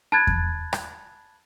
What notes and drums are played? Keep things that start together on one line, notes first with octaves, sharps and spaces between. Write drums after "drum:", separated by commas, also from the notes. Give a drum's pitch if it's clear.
A5 B5 F#6 G#6 A6
drum: kick E2
drum: rim click